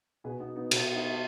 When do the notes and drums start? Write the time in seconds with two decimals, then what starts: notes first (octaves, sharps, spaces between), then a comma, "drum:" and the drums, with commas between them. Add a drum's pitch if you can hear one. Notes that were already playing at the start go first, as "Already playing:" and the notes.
0.24 B2 G#4 B4
0.40 B3 D#4
0.56 B3 D#4
0.71 B2, drum: cymbal
0.94 D#4 F#4